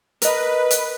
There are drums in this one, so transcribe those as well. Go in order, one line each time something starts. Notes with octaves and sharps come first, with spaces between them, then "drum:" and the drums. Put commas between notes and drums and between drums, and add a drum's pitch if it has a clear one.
A#4 B4 D#5, drum: hi-hat
drum: hi-hat